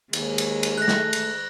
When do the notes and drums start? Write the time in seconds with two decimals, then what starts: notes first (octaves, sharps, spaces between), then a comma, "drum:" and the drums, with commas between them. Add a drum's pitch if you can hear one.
0.13 D#2 D#3 G#3, drum: cymbal
0.38 drum: cymbal
0.63 drum: cymbal
0.78 A3 F#6 A#6
0.88 drum: snare
1.13 drum: cymbal